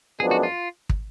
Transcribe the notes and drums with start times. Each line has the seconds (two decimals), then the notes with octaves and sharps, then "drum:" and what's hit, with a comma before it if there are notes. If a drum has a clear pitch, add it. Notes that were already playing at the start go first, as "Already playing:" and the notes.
0.20 F#2 F3 G#3 B3 D4 G#4
0.31 F#4
0.43 F4
0.89 drum: kick